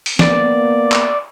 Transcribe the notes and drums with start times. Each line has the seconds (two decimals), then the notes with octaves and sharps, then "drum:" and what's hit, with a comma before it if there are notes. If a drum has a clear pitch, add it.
0.06 drum: open hi-hat
0.19 A#3 B3 D5, drum: snare
0.92 drum: clap